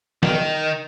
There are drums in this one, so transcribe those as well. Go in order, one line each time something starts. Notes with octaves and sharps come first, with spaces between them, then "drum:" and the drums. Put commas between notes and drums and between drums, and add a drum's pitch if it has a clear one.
D#3, drum: snare